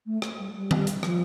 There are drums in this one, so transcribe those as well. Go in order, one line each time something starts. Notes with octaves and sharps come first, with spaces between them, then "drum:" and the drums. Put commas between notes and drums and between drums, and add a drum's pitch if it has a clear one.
A3
drum: rim click
G3
G3
drum: tom D#3
drum: hi-hat
E3
F3, drum: rim click